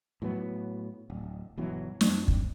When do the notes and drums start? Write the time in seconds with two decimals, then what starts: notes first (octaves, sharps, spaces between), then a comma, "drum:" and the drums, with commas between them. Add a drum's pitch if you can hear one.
0.22 A2 F#3 B3
1.10 D1
1.57 G1 B2 E3 F#3
2.01 F#2 C4 D4, drum: snare
2.28 drum: kick